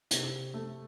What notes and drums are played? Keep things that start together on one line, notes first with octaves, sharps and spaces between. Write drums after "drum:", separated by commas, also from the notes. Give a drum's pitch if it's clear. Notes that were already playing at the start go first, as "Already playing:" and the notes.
C3, drum: hi-hat
A3